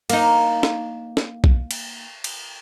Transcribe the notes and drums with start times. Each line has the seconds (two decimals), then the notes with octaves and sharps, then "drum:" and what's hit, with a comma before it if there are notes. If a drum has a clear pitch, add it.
0.10 A#3 D#4, drum: cymbal
0.63 drum: snare
1.17 drum: snare
1.44 drum: kick B1
1.71 drum: cymbal
2.24 drum: cymbal